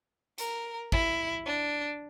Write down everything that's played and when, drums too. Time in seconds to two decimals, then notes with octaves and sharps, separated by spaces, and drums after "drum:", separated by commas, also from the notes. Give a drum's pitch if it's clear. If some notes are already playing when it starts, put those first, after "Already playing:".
0.38 A#4, drum: hi-hat
0.92 E4, drum: kick
1.46 D4